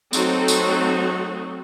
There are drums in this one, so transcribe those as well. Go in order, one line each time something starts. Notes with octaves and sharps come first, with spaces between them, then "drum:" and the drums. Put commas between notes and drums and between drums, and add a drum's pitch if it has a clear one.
F#3 A3 C4 D#4 F#4 A4, drum: tambourine
drum: tambourine